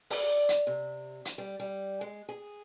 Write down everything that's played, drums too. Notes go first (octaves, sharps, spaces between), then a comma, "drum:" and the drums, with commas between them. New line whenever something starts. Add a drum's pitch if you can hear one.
D5, drum: open hi-hat
drum: hi-hat
C3
drum: hi-hat
G3
G3
G#3
G#4